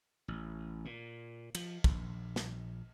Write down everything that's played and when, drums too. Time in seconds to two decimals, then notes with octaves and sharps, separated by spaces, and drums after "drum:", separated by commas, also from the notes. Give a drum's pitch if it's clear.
0.28 A1
0.85 A#2
1.55 F3, drum: cymbal
1.84 A#1, drum: kick
2.36 drum: snare